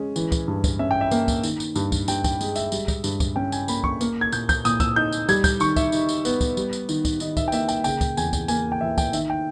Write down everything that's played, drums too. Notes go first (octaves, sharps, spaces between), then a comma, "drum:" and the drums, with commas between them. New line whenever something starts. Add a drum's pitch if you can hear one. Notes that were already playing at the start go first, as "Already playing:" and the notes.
Already playing: G#3 C#4
E3, drum: tambourine
drum: kick, tambourine
G2
drum: kick, tambourine
C#4 E5
G5
E5
A#3, drum: tambourine
drum: kick, tambourine
D#3, drum: tambourine
drum: tambourine
G2, drum: tambourine
drum: kick, tambourine
G2 G5, drum: tambourine
G5, drum: kick, tambourine
G#3, drum: tambourine
E5, drum: tambourine
G3, drum: tambourine
drum: kick, tambourine
G2, drum: tambourine
drum: kick, tambourine
C#4 G5
G#5, drum: tambourine
A#3 B5, drum: tambourine
C#6, drum: kick
A#3, drum: tambourine
G#6
A#2 G6, drum: tambourine
G6, drum: kick, tambourine
A#2 D#6, drum: tambourine
E6, drum: kick, tambourine
D#4 G6
drum: tambourine
G3 G#6, drum: tambourine
G6, drum: kick, tambourine
D#3 C#6, drum: tambourine
E5, drum: kick, tambourine
D#4, drum: tambourine
drum: tambourine
B3, drum: tambourine
drum: kick, tambourine
G3, drum: tambourine
drum: tambourine
D#3, drum: tambourine
drum: kick, tambourine
D#3 D#5, drum: tambourine
E5, drum: kick, tambourine
G5
A#3 E5, drum: tambourine
G5, drum: tambourine
C#3 G5, drum: tambourine
drum: kick, tambourine
E2 G#5, drum: tambourine
drum: kick, tambourine
A#3 G#5, drum: tambourine
G5
E3 E5
G5, drum: kick, tambourine
D#3 E5, drum: tambourine
G5